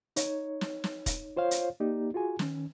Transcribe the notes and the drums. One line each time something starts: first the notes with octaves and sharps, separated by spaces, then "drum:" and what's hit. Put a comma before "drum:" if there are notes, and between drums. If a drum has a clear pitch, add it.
D#4 C#5, drum: hi-hat
drum: snare
drum: snare
drum: kick E1, hi-hat
F4 C5 C#5 F5
drum: hi-hat
A#3 D#4 G4 D5
F4 F#4 G#4 G#5
D#3 C#4, drum: snare